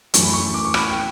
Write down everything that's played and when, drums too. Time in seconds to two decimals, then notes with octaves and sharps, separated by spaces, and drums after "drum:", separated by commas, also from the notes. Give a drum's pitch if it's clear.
0.14 F#2 E3 A3 C#6, drum: hi-hat
0.23 B5
0.34 C#6
0.54 D6
0.65 C#6
0.74 B5, drum: rim click
0.90 G5